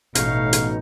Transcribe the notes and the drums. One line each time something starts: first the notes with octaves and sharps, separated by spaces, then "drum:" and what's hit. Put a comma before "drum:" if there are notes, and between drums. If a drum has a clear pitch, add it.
A1 B2 A3 D#4 C#5 F5, drum: hi-hat
drum: hi-hat